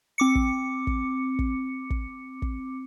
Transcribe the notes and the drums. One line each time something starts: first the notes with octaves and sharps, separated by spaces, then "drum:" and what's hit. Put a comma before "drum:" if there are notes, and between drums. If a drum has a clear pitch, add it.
C4 D6 C#7
drum: kick
drum: kick
drum: kick
drum: kick
drum: kick